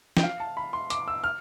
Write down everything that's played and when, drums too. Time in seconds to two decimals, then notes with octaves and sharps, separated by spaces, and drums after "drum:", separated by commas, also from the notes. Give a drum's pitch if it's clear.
0.17 G5, drum: snare
0.23 F5
0.40 A5
0.57 B5
0.73 C6
0.90 D6, drum: hi-hat
1.08 E6
1.24 F6